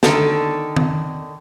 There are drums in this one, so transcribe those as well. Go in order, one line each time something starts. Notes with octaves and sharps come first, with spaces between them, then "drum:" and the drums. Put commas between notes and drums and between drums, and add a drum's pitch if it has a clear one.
D3 D#3 A4, drum: snare
drum: tom D#3